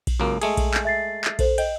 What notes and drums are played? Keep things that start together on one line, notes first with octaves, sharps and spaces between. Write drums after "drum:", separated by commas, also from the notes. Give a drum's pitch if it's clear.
drum: kick A#1, cymbal
C#2 F#2 A#3
G#3 A3 G#4, drum: cymbal
drum: kick A#1, cymbal
drum: clap
E5 A6 C7
drum: clap
A4 C5, drum: kick A#1, cymbal
D#5 G5, drum: cymbal